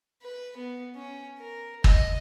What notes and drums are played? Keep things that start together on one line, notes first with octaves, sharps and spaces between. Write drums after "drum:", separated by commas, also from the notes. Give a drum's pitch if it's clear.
B4
B3
C#4
A#4
D#5, drum: kick